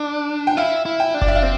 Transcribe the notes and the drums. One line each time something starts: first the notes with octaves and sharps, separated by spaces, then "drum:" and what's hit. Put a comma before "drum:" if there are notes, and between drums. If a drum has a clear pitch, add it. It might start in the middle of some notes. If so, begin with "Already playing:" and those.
Already playing: D4
G5
E4 F5
E4
G5
D4
D5, drum: kick F#1
E5
F5
C4